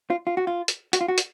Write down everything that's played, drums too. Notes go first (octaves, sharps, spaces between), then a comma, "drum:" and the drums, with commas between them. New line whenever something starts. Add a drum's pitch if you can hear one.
F4
F4
F#4
F4
drum: hi-hat
F#4, drum: hi-hat
F4
F#4
drum: hi-hat